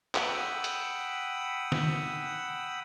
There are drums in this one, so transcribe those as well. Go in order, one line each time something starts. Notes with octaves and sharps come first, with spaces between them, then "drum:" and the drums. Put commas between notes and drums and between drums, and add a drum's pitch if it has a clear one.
F#5 G5 B5 D#6 E6, drum: clap
drum: hi-hat
drum: snare